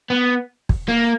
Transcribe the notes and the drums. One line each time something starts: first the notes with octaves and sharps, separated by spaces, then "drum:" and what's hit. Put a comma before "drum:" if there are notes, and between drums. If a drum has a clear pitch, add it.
B3
drum: kick
A#3